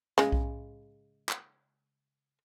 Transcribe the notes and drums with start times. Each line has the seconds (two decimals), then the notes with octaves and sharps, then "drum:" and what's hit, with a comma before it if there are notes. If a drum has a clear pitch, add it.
0.18 C#3 G#3, drum: snare
0.32 drum: kick B1
1.29 drum: clap